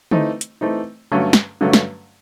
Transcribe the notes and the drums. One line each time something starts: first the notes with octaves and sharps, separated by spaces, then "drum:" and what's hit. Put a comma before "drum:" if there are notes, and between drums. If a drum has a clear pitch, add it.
E3 A3 C4 D#4, drum: tom D3
drum: hi-hat
E3 A3 C4 D#4
G2 D3 F#3 A3 C#4
drum: snare
G2 D3 F#3 A3 C#4
drum: snare